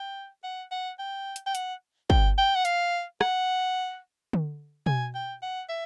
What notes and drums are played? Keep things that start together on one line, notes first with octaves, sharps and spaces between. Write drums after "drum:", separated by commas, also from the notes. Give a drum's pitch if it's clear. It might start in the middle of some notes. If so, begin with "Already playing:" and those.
Already playing: G5
F#5
F#5
G5
drum: hi-hat
G5
F#5, drum: hi-hat
G5, drum: kick
G5
F#5
F5, drum: hi-hat
F#5, drum: rim click
drum: tom D3
G#5, drum: tom B2
G5
F#5
E5